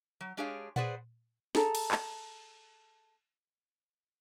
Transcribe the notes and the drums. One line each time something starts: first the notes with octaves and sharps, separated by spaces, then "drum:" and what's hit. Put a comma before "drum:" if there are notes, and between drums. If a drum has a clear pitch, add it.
F#3
G#3 D4 G4 G#4 C#5 F5
G#4 B4 C5 D5 F#5, drum: tom A#2
G#4 A4 A#5, drum: snare
drum: cymbal
drum: clap